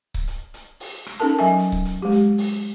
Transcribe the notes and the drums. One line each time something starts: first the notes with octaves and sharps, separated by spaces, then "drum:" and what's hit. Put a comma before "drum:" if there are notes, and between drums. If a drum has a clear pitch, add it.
drum: kick C#1
drum: hi-hat
drum: hi-hat
drum: open hi-hat
drum: rim click
C#4 D#4 A4 A#4 A5
F#3 E5 G#5
drum: hi-hat
drum: kick C#1
drum: hi-hat
G#3 G4
drum: hi-hat
drum: open hi-hat